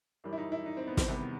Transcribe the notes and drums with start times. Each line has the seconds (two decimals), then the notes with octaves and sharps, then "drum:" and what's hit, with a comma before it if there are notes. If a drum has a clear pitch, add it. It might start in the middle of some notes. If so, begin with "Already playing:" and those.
0.24 F#2 E3 G3
0.33 E4
0.38 D#4
0.52 E4
0.66 D#4
0.77 C4
0.87 B3
0.97 C4, drum: snare
1.08 E2 C3 D#3 G3 B3